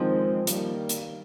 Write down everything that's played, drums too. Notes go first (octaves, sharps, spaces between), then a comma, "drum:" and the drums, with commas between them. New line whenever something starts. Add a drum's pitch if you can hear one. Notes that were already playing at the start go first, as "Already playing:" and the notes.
Already playing: D#3 F3 G#3 C4
D#3 G3 A#3, drum: hi-hat
drum: hi-hat